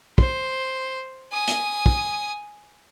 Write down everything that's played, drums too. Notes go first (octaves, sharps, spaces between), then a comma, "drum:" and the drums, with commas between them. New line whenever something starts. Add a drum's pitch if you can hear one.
C5, drum: kick
G#5 D#6
drum: hi-hat
drum: kick